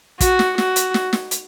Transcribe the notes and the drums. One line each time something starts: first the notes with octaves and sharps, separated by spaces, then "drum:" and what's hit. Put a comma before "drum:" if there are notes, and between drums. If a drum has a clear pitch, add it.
F#4, drum: kick, hi-hat
drum: snare
F#4, drum: snare
drum: hi-hat
drum: snare
drum: snare
drum: hi-hat